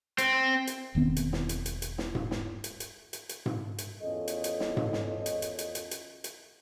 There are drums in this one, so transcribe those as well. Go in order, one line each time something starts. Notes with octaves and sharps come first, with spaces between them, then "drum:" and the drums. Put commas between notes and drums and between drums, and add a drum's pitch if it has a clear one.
C4, drum: hi-hat
drum: hi-hat
E1 D#3 B3 C4
drum: hi-hat
drum: snare
drum: hi-hat
drum: hi-hat
drum: hi-hat
drum: snare
drum: tom G#2
drum: snare
drum: hi-hat
drum: hi-hat
drum: hi-hat
drum: hi-hat
drum: tom G#2
drum: hi-hat
E2 C#4 F4 A4 D#5
drum: hi-hat
drum: hi-hat
drum: snare
drum: tom G#2
drum: snare
drum: hi-hat
drum: hi-hat
drum: hi-hat
drum: hi-hat
drum: hi-hat
drum: hi-hat